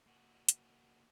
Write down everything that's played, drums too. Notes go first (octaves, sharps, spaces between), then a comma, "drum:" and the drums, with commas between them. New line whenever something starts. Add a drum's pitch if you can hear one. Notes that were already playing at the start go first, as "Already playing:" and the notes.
A#3 F#4
drum: hi-hat